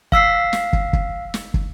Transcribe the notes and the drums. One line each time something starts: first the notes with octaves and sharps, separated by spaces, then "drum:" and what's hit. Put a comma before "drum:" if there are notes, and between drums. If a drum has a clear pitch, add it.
F5 E6 B6 C7, drum: kick
drum: snare
drum: kick
drum: kick
drum: snare
drum: kick